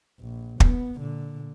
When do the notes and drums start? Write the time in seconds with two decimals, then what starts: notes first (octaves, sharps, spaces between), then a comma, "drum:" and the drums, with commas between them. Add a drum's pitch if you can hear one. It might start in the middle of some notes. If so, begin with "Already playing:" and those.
0.19 A#1
0.60 B3, drum: kick
0.97 A#2 D3